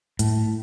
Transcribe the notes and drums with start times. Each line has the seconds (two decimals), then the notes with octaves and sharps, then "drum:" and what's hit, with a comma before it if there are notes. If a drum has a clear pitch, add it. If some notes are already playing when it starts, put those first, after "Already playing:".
0.19 A2, drum: hi-hat